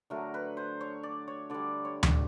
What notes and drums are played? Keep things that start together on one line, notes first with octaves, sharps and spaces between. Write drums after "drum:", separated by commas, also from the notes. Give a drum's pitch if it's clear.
D3 F#3 A3 A#4
B4
C5
C#5
D5
C#5
D3 G3 D5
C#5
drum: tom D2